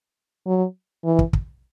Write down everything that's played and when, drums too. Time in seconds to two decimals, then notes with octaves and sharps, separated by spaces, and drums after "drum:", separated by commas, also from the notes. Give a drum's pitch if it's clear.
0.47 F#3
1.04 E3
1.19 drum: kick
1.33 drum: kick